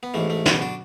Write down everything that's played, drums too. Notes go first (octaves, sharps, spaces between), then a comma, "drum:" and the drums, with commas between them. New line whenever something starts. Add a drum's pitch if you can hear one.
B3
A1 G#2 E3 A3
A3
B3 D4, drum: snare
D4 F#4